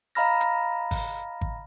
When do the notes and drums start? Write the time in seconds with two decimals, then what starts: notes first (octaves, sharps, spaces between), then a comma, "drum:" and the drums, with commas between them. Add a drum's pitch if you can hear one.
0.15 D#5 F5 A#5 B5 F6 A#6
0.41 drum: hi-hat
0.91 drum: kick G#1, open hi-hat
1.41 drum: kick G#1